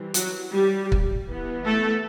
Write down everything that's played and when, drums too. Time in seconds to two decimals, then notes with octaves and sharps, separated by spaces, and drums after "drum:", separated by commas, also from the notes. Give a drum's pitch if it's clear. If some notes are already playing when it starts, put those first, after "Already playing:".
Already playing: E3 G3 C4
0.14 F#3 F#4, drum: hi-hat
0.52 G3 G4
0.92 drum: kick
1.28 E3 B3
1.65 A3 A4